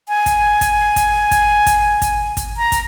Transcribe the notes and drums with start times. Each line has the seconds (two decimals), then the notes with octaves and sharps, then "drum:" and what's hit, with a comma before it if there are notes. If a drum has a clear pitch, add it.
0.08 G#5
0.26 drum: kick, hi-hat
0.61 drum: kick, hi-hat
0.96 drum: kick, hi-hat
1.31 drum: kick, hi-hat
1.66 drum: kick, hi-hat
2.02 drum: kick, hi-hat
2.37 drum: kick, hi-hat
2.57 A#5
2.72 drum: kick, hi-hat